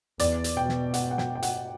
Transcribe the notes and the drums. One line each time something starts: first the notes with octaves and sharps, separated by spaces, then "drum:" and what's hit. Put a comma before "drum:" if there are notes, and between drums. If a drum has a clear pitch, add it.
E2 D5, drum: hi-hat
drum: hi-hat
B2 G5
drum: snare
F#5, drum: hi-hat
F#5
G5, drum: snare
G5
F#5, drum: hi-hat